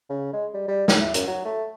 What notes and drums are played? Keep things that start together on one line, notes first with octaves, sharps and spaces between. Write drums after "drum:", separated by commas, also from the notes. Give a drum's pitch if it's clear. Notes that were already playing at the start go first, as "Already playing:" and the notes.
C#3
G#3
G3
G3
F#3, drum: snare
E4
F#2, drum: hi-hat
F#3
A3